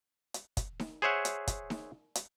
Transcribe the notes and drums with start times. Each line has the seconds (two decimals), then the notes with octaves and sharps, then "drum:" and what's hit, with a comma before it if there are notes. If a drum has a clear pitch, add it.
0.34 drum: hi-hat
0.57 drum: kick, hi-hat
0.80 drum: snare D#4
1.02 G#4 C5 C#5 E5 F#5
1.25 drum: hi-hat
1.47 drum: kick, hi-hat
1.70 drum: snare D#4
2.15 drum: hi-hat